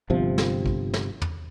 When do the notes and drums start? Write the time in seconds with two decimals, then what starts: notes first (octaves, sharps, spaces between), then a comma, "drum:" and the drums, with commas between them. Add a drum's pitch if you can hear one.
0.10 G1 C3 F3
0.38 drum: snare
0.66 drum: kick A1
0.94 drum: snare
1.22 drum: tom